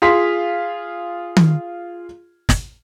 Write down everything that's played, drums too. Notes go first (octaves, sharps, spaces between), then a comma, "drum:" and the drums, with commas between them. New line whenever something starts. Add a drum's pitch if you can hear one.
F4 G#4 C6 B6
drum: tom D#3
drum: snare